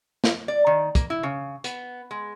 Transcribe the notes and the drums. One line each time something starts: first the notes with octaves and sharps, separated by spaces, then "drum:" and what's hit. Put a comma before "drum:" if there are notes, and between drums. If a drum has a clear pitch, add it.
drum: snare
D5
D#3
A#3, drum: kick, hi-hat
E4
C#3
B3, drum: hi-hat
G#3